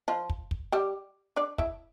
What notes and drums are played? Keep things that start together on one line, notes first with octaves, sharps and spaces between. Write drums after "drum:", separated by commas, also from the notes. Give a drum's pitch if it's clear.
F3 F4
drum: kick
drum: kick
G3 G4
D4 D5
E4 E5, drum: kick